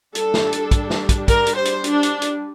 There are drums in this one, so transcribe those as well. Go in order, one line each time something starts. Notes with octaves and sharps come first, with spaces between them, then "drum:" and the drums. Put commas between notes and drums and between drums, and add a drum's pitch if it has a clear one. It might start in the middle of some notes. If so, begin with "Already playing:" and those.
G3 D4 A4, drum: hi-hat
drum: snare
drum: hi-hat
drum: kick, hi-hat
drum: snare
drum: kick, hi-hat
A#4, drum: kick, hi-hat
drum: hi-hat
C5
drum: hi-hat
D4, drum: hi-hat
drum: hi-hat
drum: hi-hat